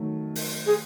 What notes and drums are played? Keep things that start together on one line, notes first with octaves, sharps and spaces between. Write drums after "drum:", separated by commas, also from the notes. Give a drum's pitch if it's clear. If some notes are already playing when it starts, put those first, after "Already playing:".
Already playing: D#3 F#3 A3
drum: open hi-hat
G#4